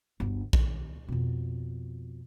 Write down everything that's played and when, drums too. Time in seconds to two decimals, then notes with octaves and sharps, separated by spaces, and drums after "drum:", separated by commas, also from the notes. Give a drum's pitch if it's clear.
0.20 G1 D2
0.53 D#3, drum: kick A#1
1.08 F2 B2